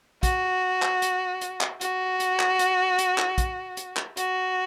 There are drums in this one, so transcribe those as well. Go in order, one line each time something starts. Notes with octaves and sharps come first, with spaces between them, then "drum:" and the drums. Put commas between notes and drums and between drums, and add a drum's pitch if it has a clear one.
F#4, drum: kick, hi-hat
drum: clap
drum: hi-hat
drum: hi-hat
drum: clap
F#4, drum: hi-hat
drum: hi-hat
drum: clap
drum: hi-hat
drum: hi-hat
drum: clap
drum: kick, hi-hat
drum: hi-hat
drum: clap
F#4, drum: hi-hat